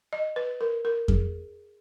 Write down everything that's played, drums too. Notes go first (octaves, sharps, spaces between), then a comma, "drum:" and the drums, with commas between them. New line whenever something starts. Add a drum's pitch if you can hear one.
D#5
B4
A#4
A#4
G#4, drum: kick F2